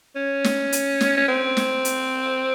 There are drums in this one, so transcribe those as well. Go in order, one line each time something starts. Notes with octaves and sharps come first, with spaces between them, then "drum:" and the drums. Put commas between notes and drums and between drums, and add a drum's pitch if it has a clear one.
C#4
drum: snare
drum: hi-hat
drum: snare
C#4
C4
drum: snare
drum: hi-hat